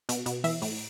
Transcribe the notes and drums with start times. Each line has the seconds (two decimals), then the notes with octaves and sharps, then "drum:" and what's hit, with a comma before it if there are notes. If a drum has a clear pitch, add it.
0.09 B2, drum: hi-hat
0.26 B2, drum: hi-hat
0.44 E3 E5, drum: open hi-hat
0.62 A2, drum: open hi-hat